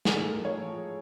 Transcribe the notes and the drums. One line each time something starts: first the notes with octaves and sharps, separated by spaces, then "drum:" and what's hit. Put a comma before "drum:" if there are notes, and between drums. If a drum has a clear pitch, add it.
A2 G#4, drum: snare
A2 A4
A#4
F3 C#5
F3
G#3